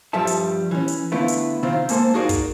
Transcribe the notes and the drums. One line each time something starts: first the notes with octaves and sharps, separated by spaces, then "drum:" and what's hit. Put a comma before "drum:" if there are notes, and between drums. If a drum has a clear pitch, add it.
G2 F3 G3 A4 E5 A5
drum: hi-hat
E3 C#4
drum: hi-hat
D3 A3 B3 E4 F4
drum: hi-hat
C3 D#3 C4 F4
G#2 A#3 A4 C5, drum: hi-hat
D#4 F4 F#4 G#4 A#4 D5
drum: kick, hi-hat